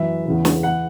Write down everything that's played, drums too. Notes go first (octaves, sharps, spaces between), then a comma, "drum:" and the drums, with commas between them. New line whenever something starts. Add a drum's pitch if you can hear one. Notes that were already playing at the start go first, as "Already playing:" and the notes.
Already playing: F#2 E3 E5
E2 C#3 E3
drum: snare
E3 F#5